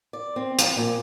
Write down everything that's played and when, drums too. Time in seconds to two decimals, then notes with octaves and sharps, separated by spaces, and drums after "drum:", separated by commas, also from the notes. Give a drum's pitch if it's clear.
0.13 D5
0.36 C4
0.59 F3, drum: hi-hat
0.76 A#2